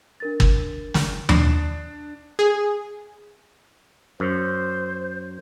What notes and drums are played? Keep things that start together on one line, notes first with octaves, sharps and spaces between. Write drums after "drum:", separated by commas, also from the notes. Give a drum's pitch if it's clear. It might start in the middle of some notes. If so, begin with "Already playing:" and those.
D4 A#4 A6
drum: kick G1
drum: snare
D4 D#6 C7 E7, drum: tom D#2
G#4
F#2 C5